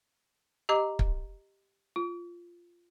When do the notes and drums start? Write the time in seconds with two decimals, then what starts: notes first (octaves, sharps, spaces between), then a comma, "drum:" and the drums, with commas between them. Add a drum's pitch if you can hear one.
0.69 G4 D#5 A#5 D6
0.99 drum: kick
1.96 F4